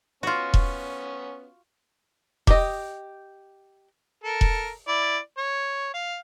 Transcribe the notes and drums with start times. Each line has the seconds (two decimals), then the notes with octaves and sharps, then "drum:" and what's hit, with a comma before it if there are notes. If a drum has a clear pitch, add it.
0.23 B3 C#4 F4 F#4
0.54 drum: kick E1
2.47 G4 D#5, drum: kick E1
4.24 A4 A#4
4.41 drum: kick E1
4.88 E4 D5
5.38 C#5
5.94 F5